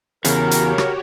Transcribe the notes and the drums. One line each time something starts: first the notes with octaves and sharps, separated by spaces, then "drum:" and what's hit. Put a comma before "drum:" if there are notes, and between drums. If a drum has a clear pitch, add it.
E2 C#3 F#4 G4 A#4 C#5, drum: hi-hat
drum: hi-hat
drum: rim click